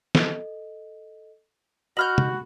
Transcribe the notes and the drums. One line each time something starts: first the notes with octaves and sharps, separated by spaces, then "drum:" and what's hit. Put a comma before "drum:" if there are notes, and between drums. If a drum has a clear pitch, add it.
A4 D#5, drum: snare
F#4 D#5 B5 F6 G6 F#7
drum: tom